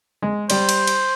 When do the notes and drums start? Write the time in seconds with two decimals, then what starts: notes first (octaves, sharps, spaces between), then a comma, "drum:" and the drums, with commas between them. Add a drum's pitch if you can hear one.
0.22 G#3
0.50 G3 C5, drum: cymbal
0.69 drum: cymbal
0.87 drum: cymbal